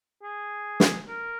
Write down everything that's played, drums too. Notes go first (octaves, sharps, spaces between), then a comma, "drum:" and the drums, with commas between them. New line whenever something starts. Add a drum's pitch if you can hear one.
G#4
drum: snare
A#4